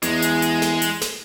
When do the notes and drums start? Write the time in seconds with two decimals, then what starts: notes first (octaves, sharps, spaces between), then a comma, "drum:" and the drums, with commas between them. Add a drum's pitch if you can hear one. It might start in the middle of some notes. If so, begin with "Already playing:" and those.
0.03 E2 G#3, drum: hi-hat
0.22 drum: hi-hat
0.42 drum: hi-hat
0.62 drum: snare
0.82 drum: hi-hat
1.01 drum: snare